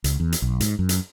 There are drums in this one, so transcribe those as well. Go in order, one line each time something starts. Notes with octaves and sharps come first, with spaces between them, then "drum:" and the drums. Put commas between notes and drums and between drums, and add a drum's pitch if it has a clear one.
C#2, drum: hi-hat
E2
drum: hi-hat
B1
G#2, drum: hi-hat
F#2
drum: hi-hat